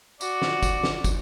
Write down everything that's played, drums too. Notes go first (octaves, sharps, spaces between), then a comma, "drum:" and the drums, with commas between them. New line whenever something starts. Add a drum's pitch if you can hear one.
F#4 D5, drum: tambourine
drum: snare
drum: kick, tambourine
drum: snare
drum: kick, tambourine